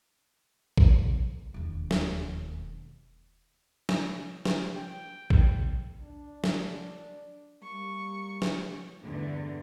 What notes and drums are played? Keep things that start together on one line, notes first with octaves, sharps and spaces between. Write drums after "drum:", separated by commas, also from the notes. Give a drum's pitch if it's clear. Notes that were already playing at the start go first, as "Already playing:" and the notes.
drum: kick
E1 D#2
drum: snare
drum: snare
drum: snare
G5
drum: kick
D4
drum: snare
G3 A#3 C#6
drum: snare
E2 G2 D3 A3